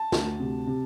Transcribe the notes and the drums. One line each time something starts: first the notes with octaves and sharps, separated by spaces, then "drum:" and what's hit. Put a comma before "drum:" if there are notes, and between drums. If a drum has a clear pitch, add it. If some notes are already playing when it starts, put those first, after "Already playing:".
Already playing: A5
D2, drum: snare
C3
C3